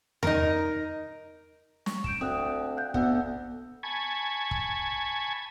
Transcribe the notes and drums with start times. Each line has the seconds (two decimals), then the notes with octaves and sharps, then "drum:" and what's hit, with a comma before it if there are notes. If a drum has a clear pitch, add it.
0.23 D#4 A#4, drum: tom E2
1.86 C#6, drum: snare
2.04 G6 D7 E7, drum: kick
2.21 D2 C4 D#6 F#6
2.76 F5 F#6 G6
2.94 D2 B3 A4 F#5 E6, drum: kick
3.83 G#5 A5 B5 C#6 G#6
4.51 drum: kick